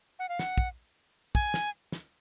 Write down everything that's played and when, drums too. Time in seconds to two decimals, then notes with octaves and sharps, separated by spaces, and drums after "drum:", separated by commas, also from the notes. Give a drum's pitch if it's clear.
0.19 F#5
0.29 F5
0.39 F#5, drum: snare
0.58 drum: kick
1.35 G#5, drum: kick
1.54 drum: snare
1.92 drum: snare